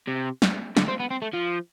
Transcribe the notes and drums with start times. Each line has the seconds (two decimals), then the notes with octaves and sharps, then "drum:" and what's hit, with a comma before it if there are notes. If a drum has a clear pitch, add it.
0.07 C3
0.42 drum: snare
0.77 D3, drum: snare
0.88 C4
1.00 B3
1.11 C4
1.22 A3
1.34 F3